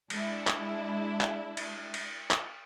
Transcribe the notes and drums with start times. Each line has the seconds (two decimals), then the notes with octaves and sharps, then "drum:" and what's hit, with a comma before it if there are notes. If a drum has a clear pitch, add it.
0.10 G#3 D4 E4, drum: cymbal
0.47 drum: clap
1.20 drum: clap
1.57 drum: cymbal
1.94 drum: cymbal
2.31 drum: clap